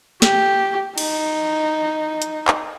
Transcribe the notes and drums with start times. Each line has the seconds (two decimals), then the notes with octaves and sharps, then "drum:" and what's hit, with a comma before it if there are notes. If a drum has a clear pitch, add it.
0.22 G4, drum: snare
0.98 D#4, drum: cymbal
2.22 drum: hi-hat
2.48 drum: clap